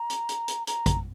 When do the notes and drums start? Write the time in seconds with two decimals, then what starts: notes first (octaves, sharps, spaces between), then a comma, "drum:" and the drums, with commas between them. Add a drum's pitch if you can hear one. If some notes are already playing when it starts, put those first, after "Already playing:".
Already playing: A#5
0.10 drum: hi-hat
0.29 drum: hi-hat
0.48 drum: hi-hat
0.67 A#5, drum: hi-hat
0.86 drum: kick, hi-hat